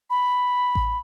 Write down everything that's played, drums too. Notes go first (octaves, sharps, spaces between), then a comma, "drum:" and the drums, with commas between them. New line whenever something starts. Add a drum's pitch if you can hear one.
B5
drum: kick A1